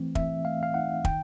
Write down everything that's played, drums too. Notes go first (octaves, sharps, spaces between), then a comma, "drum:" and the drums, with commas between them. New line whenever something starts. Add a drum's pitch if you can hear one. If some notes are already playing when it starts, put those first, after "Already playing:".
Already playing: E3 A3 C4
E3 E5, drum: kick
A3 F5
F5
D#4 F#5
D#3 G5, drum: kick